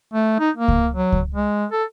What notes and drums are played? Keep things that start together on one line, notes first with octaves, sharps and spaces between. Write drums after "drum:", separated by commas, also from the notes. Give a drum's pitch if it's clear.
A3
D#4
A#3
drum: kick C#2
F#3
drum: kick C#2
G#3
A4